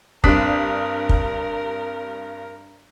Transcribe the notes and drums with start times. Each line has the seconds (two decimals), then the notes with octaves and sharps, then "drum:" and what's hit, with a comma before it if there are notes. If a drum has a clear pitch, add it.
0.24 G2 G3 C4 D4 A#4 D#6 F#6 B6, drum: kick
1.09 drum: kick